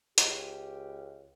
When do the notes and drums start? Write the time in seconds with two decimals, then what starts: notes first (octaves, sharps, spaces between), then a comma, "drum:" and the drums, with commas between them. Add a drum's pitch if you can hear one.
0.18 C#2 G4, drum: hi-hat